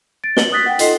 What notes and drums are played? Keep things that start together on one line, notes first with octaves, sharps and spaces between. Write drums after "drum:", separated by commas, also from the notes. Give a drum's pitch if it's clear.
A6 D7
F#7 G7, drum: snare
D#6 F#6 A6 B6
F#5 G5
D#4 F4 A4 D#5 C6 C7, drum: hi-hat